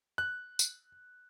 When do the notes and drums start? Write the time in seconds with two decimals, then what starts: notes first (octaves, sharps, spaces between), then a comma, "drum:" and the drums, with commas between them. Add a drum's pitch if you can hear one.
0.18 F#6
0.59 drum: tambourine